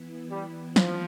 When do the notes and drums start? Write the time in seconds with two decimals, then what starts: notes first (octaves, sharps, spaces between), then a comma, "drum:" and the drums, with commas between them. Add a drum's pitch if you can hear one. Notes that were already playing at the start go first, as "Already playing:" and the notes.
Already playing: E3 B3 E4
0.30 G3
0.76 F3, drum: snare